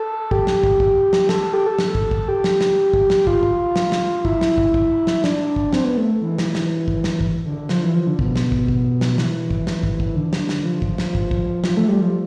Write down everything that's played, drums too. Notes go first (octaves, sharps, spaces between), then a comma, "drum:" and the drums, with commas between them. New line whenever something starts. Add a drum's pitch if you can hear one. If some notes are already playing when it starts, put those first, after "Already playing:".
Already playing: A4
G4, drum: kick
drum: snare
drum: kick
drum: kick
drum: snare
A4, drum: snare
A4
G4
A4
drum: snare
drum: kick
drum: kick
G4
drum: snare
drum: snare
drum: kick
drum: snare
F4, drum: kick
drum: kick
drum: snare
drum: snare
E4, drum: kick
drum: snare
drum: kick
drum: kick
drum: snare
D4, drum: snare
drum: kick
C4, drum: snare
B3
A3
E3
drum: snare
drum: snare
drum: kick
drum: snare
drum: kick
D3
F3, drum: snare
E3
F3
D3
B2, drum: kick
drum: snare
drum: kick
drum: kick
drum: snare
E3, drum: snare
drum: kick
drum: snare
drum: kick
drum: kick
D3
drum: snare
drum: snare
F3
drum: kick
drum: snare
drum: kick
drum: kick
F3, drum: snare
A3
G3
F3